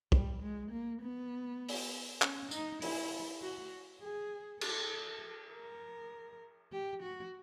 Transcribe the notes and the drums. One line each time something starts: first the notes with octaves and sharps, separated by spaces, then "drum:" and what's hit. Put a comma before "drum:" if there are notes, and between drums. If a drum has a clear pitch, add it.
G3, drum: kick
G#3
A#3
B3
drum: open hi-hat
C#4, drum: clap
D#4, drum: tambourine
E4, drum: open hi-hat
F#4
G#4
A4, drum: cymbal
A#4
G4
F#4